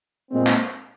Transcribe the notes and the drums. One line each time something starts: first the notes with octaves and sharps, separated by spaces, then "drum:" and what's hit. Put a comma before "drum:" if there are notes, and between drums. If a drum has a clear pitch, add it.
A#2 G#3 C4
drum: clap